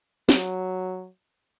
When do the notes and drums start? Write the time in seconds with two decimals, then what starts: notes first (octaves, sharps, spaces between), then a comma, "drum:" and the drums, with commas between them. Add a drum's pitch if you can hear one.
0.29 F#3, drum: snare